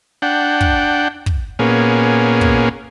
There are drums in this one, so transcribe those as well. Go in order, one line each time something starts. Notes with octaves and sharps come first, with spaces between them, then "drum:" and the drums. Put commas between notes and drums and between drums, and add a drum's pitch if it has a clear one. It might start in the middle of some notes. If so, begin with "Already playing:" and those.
D4 F#5 G5
drum: kick
drum: kick
A#2 A#3 B3 C#4 G#4
drum: kick